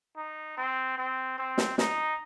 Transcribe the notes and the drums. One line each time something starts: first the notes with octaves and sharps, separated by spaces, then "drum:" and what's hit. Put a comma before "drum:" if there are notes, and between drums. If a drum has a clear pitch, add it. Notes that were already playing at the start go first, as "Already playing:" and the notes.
D#4
C4
C4
C4
drum: snare
D#4, drum: snare